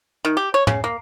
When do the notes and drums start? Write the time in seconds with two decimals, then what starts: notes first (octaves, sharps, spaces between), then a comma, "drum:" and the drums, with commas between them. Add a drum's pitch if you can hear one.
0.25 D#3
0.37 G4
0.54 C#5
0.67 C#3, drum: tom
0.84 A#3